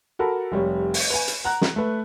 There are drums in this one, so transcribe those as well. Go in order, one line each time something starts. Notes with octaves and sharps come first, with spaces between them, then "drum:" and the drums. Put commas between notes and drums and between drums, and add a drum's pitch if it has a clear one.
F#4 A4 A#4 B5
F1 G3 C#5
drum: open hi-hat
B4 G#5
drum: hi-hat
F#5 A#5 F#6
drum: snare
A3 B4